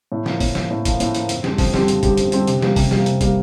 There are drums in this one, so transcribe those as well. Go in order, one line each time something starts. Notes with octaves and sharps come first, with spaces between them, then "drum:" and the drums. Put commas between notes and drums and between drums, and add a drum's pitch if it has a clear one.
A2
F3 A#3, drum: snare
A2, drum: kick, open hi-hat
F3 A#3, drum: snare
A2
F3 A#3, drum: kick, hi-hat
A2, drum: hi-hat
F3 A#3, drum: hi-hat
F2, drum: hi-hat
D3 G3 C4 G4, drum: snare
F2, drum: kick, open hi-hat
D3 G3 C4 G4, drum: snare
F2, drum: hi-hat
D3 G3 C4 G4, drum: kick, hi-hat
F2, drum: hi-hat
D3 G3 C4 G4, drum: hi-hat
C3, drum: hi-hat
G3 A#3, drum: snare
C3, drum: kick, open hi-hat
G3 A#3, drum: snare
C3, drum: hi-hat
G3 A#3, drum: kick, hi-hat